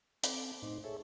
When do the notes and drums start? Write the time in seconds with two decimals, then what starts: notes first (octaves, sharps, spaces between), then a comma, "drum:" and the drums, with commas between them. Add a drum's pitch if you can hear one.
0.23 C4 A4 D6, drum: hi-hat
0.62 A2 D#4 C5
0.84 G#4 A4 C#5 E5